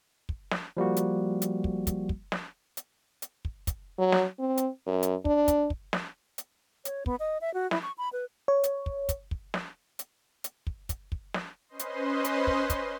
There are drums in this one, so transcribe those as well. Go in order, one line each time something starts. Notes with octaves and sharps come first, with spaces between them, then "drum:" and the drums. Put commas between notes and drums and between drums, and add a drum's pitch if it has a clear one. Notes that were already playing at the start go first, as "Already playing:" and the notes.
drum: kick
drum: snare
F3 G3 A#3 F#4
drum: hi-hat
drum: hi-hat
drum: kick
drum: kick, hi-hat
drum: kick
drum: snare
drum: hi-hat
drum: hi-hat
drum: kick
drum: kick, hi-hat
F#3
drum: snare
C4
drum: hi-hat
F#2
drum: hi-hat
D4, drum: kick
drum: kick, hi-hat
drum: kick
drum: snare
drum: hi-hat
C#5, drum: hi-hat
B3, drum: kick
D#5
E5
F#4
E4, drum: snare
C#6
B5
B4
C#5
drum: hi-hat
drum: kick
drum: kick, hi-hat
drum: kick
drum: snare
drum: hi-hat
drum: hi-hat
drum: kick
drum: kick, hi-hat
drum: kick
drum: snare
C#4 B4 C5 D#5 C6
drum: hi-hat
drum: hi-hat
drum: kick
drum: kick, hi-hat